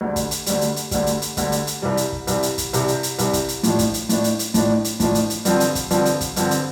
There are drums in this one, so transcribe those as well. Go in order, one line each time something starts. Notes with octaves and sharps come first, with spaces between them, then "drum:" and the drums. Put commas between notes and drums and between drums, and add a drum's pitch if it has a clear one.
D2 D3 G3
drum: kick, hi-hat
drum: hi-hat
D2 D3 G3, drum: hi-hat
drum: hi-hat
drum: hi-hat
D2 D3 G3, drum: kick, hi-hat
drum: hi-hat
drum: hi-hat
D2 D3 G3, drum: kick, hi-hat
drum: hi-hat
drum: hi-hat
C2 C3 G3
drum: hi-hat
drum: kick
C2 C3 G3, drum: hi-hat
drum: hi-hat
drum: kick, hi-hat
C2 C3 G3, drum: hi-hat
drum: hi-hat
drum: hi-hat
C2 C3 G3, drum: hi-hat
drum: kick, hi-hat
drum: hi-hat
A2 F3 D4, drum: hi-hat
drum: kick, hi-hat
drum: hi-hat
A2 F3 D4, drum: hi-hat
drum: hi-hat
drum: hi-hat
A2 F3 D4, drum: kick, hi-hat
drum: hi-hat
A2 F3 D4, drum: kick, hi-hat
drum: hi-hat
drum: hi-hat
G2 D3 F3 C4, drum: hi-hat
drum: hi-hat
drum: kick, hi-hat
G2 D3 F3 C4, drum: hi-hat
drum: hi-hat
drum: kick, hi-hat
G2 D3 F3 C4, drum: hi-hat
drum: hi-hat